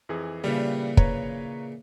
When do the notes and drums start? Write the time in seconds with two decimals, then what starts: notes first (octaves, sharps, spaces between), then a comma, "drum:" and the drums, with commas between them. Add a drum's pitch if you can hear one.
0.09 F2 E3 G#4
0.44 A#2 C#3 E3 G3
0.97 B4 C#5 A#5, drum: kick